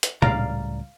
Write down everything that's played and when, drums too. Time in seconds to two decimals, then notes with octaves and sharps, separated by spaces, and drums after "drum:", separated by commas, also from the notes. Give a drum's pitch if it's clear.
0.03 drum: hi-hat
0.22 C#2 A2 G3 D5 F5 A#5, drum: tom